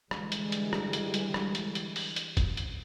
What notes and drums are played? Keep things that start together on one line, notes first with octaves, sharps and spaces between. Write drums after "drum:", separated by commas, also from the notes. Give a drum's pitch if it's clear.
D3 E3 G3 G#3, drum: rim click
drum: hi-hat
drum: hi-hat
drum: rim click
drum: hi-hat
drum: hi-hat
drum: rim click
drum: hi-hat
drum: hi-hat
drum: open hi-hat
drum: hi-hat
drum: kick, hi-hat
drum: hi-hat